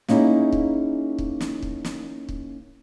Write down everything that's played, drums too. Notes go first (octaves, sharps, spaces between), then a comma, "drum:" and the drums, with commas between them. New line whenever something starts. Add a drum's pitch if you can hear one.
A#3 C#4 D#4 E4 G#4, drum: snare
drum: kick
drum: kick
drum: snare
drum: kick
drum: snare
drum: kick